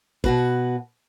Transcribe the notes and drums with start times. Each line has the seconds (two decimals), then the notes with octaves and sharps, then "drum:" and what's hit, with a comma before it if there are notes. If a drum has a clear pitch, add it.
0.24 B2 F#4 B4, drum: kick